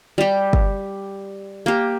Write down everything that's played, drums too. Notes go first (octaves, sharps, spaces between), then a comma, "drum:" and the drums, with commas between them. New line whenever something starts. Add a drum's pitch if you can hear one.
G3 G4
drum: kick
A#3 G4